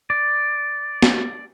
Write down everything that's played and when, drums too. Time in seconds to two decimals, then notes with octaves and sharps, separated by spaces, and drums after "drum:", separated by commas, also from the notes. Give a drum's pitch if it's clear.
0.10 D5
1.02 drum: snare